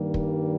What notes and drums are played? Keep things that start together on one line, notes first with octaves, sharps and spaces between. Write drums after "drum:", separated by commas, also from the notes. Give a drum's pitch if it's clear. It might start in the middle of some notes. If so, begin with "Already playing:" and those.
Already playing: G2 D#3 G3 A#3
drum: kick